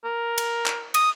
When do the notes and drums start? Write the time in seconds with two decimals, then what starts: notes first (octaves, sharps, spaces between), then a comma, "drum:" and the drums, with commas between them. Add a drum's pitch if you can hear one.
0.05 A#4
0.38 drum: cymbal
0.66 drum: clap
0.94 D#6, drum: cymbal